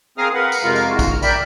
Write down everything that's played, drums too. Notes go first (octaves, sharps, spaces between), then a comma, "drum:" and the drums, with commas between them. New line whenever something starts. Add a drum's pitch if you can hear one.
C4 G#4 A#4 F5 D#6 F6
A#4 B4 F5 F#5
drum: tambourine
F2 C3 G#3 F4 A#4 F5
drum: tambourine
E3 G#3 F#4
drum: kick, tambourine
F6
A#4 D5 E5 G5 B5, drum: tambourine